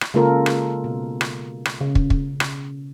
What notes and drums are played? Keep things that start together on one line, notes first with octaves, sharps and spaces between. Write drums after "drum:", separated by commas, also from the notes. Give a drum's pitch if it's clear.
drum: rim click
C#3 G#3 A#3 F4 A4 A#4
drum: rim click
B2
drum: rim click
drum: rim click
C#3
drum: kick
drum: kick
drum: rim click